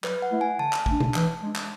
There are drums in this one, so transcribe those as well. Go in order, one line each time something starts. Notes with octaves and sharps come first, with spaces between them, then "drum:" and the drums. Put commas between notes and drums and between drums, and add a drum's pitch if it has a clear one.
F#3 B4, drum: clap
F#5
A3 E4
G#5
D3 A5
drum: clap
A3 D4, drum: kick
drum: tom B2
E3, drum: clap
G#3 D4
drum: clap